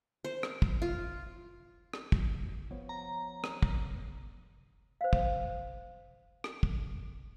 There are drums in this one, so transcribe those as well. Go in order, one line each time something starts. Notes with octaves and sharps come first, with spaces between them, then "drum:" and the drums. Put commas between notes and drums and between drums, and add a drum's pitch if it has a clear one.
C5
drum: rim click
drum: kick
F4
drum: rim click
drum: kick
F3 B3 C#5
A#5
drum: rim click
drum: kick
C5 F5
drum: kick
drum: rim click
drum: kick